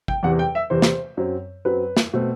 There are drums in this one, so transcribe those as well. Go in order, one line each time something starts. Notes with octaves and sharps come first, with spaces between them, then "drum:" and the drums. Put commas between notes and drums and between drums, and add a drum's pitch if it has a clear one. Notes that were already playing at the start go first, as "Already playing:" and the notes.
G5, drum: kick
E2 C3 E3 F#5
G5
E5
E2 C3 E3 C5
drum: snare
F#2 F#3 C4
F#2 F#3 C4 B4
drum: snare
B2 A3 C4